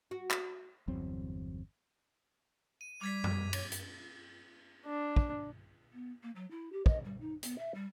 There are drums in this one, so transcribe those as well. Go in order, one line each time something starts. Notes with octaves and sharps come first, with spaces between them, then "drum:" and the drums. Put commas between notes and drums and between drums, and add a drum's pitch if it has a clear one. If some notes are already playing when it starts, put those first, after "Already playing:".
F#4
drum: clap
G1 E2 F#3 C4
D#7
G3 D6 G#6 B6
drum: tom F#2
C#5, drum: cymbal
drum: hi-hat
D4
drum: kick
B3
A#3
F#3
E4
G4
D#5, drum: kick
G3
D#4
B3, drum: hi-hat
E5
G3